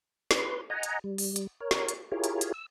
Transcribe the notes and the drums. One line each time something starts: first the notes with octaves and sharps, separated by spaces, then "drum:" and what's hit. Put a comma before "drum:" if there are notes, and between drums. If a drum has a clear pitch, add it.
B4 C6, drum: snare
D#5 F#5 G#5 A#5
drum: hi-hat
G3
drum: open hi-hat
drum: hi-hat
A#4 C#5
drum: snare
drum: hi-hat
E4 F4 G4 G#4 A#4 C#5
drum: hi-hat
drum: hi-hat
E6